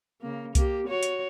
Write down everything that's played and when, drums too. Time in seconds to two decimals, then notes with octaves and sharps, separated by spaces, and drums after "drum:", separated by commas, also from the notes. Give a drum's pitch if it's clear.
0.22 C#3 A#3
0.55 A#3 G4, drum: kick C2, hi-hat
0.87 F#4 C#5
1.03 drum: hi-hat